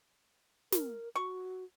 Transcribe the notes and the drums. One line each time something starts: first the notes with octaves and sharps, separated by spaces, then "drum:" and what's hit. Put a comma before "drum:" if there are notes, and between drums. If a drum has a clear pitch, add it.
A#4, drum: snare
F#4 C#6